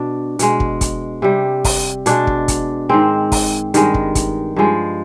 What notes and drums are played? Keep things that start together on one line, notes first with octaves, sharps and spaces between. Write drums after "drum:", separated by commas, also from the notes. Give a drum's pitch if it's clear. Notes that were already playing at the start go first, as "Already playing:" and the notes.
Already playing: B2 D4
B2 G#3, drum: hi-hat
drum: kick
drum: kick, hi-hat
C3 G3
drum: kick, open hi-hat
B2 G#3 D4, drum: hi-hat
drum: kick
drum: kick, hi-hat
G#2 D#3 G#3 C4
drum: kick, open hi-hat
G2 D#3 G#3, drum: hi-hat
drum: kick
drum: kick, hi-hat
G2 F3 G#3